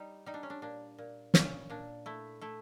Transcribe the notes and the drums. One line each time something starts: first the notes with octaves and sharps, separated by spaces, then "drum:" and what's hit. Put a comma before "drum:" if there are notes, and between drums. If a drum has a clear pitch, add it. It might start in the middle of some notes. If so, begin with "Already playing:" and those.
Already playing: G3 D#4
G3 D#4
D4
C#4
D4
A#2 D4
A#2
A#2 C#4, drum: snare
A#2 D4
A3 E4
A3 E4